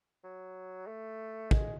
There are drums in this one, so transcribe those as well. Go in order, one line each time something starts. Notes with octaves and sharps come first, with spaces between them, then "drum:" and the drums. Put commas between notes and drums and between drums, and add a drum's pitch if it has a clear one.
F#3
A3
G#3, drum: kick